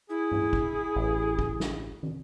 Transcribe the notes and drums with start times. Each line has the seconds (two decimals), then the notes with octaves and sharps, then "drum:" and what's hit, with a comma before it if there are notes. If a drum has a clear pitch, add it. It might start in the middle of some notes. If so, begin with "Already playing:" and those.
0.10 E4 G#4
0.32 drum: tom G2
0.53 drum: kick
0.96 A1
1.39 drum: kick
1.60 drum: snare
2.03 drum: tom